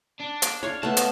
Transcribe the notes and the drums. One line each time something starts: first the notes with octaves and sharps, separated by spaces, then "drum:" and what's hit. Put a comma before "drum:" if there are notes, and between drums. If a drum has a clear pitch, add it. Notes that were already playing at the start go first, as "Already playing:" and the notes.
D4
drum: hi-hat
C#5 F5
A3 B3 A5
drum: hi-hat